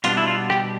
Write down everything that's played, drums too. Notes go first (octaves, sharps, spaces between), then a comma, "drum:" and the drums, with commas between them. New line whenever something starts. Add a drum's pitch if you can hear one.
B2 G3 B3 D4 F4, drum: hi-hat
E4
F4
G4, drum: rim click